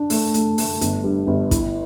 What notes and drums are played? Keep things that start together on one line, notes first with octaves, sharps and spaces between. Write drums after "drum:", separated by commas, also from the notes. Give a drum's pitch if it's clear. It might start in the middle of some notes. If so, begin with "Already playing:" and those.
Already playing: D4
A3, drum: open hi-hat
A3, drum: hi-hat
A3, drum: open hi-hat
G1, drum: hi-hat
G2
G1
E4, drum: kick, hi-hat